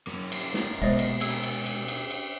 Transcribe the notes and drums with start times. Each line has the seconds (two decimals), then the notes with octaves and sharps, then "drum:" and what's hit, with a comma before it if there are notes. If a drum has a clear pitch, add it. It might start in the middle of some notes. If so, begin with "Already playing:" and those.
0.07 F#2 A#3 C#4
0.32 drum: cymbal
0.54 drum: snare
0.82 D2 B2 G#3 C5 D#5 E5 D#6
0.99 drum: cymbal
1.21 G#4 A#4 E6, drum: cymbal
1.44 drum: cymbal
1.66 drum: cymbal
1.88 drum: cymbal
2.11 drum: cymbal